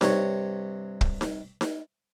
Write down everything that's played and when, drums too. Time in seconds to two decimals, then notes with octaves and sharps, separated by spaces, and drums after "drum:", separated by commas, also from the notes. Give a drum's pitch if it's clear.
0.01 G2 C3 C#5, drum: snare D#4
1.01 drum: kick
1.21 drum: snare D#4
1.61 drum: snare D#4